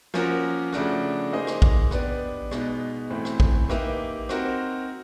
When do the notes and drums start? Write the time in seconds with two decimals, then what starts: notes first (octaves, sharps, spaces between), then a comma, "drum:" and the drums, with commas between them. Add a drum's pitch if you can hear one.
0.14 F3 A#3 C#4 F#4 A#4, drum: rim click
0.73 C#3 F3 A3 D4 F#4, drum: rim click
1.32 A#3 D#4 G#4 C5 D#5
1.47 drum: rim click
1.62 drum: kick A1
1.91 B3 D4 G4 B4 D5, drum: rim click
2.51 B2 G#3 B3 D#4, drum: rim click
3.10 A2 E3 A3 C4
3.25 drum: rim click
3.40 drum: kick A1
3.69 A#3 D#4 G4 B4 E5, drum: rim click
4.29 C4 D#4 F#4 A#4, drum: rim click